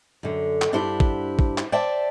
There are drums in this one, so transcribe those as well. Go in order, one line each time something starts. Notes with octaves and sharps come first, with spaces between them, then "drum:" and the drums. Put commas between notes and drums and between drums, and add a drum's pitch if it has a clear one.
F#2 D3
drum: clap
G2 D4 E4 G4 C5 F#5
drum: kick
drum: kick
drum: clap
C5 D5 E5 G5 A5